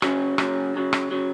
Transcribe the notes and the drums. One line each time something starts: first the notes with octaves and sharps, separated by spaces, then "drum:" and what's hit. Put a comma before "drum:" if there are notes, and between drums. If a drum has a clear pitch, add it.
F#2 C#3 F#3, drum: rim click
F#2 C#3 F#3, drum: rim click
F#2 C#3 F#3
drum: rim click
C#3 F#3